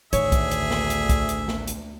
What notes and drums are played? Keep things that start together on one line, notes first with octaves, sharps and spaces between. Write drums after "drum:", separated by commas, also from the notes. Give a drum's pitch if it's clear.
A1 D2 D#3 G#4 C#5 E5, drum: hi-hat
drum: kick B1, hi-hat
drum: hi-hat
drum: snare
drum: hi-hat
drum: kick B1, hi-hat
drum: hi-hat
drum: snare
drum: hi-hat